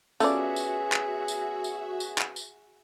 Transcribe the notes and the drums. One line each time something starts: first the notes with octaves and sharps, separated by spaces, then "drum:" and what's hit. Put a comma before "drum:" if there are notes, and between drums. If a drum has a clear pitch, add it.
A3 B3 C#4 F4 F#4 G#4 D5 E5, drum: tambourine
drum: tambourine
drum: clap
drum: tambourine
drum: tambourine
drum: tambourine
drum: clap
drum: tambourine